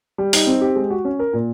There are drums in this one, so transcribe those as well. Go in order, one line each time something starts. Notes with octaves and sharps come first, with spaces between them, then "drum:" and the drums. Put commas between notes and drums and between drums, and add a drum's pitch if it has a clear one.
G3
D#4, drum: open hi-hat
C4
G4
G#3
F#4
C#4
A#4
A#2